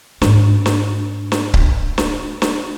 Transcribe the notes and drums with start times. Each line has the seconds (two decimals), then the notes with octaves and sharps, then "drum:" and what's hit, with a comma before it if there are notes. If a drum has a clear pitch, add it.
0.22 G#2 D4, drum: snare
0.66 drum: snare
1.32 drum: snare
1.54 drum: kick C#1
1.98 drum: snare
2.42 drum: snare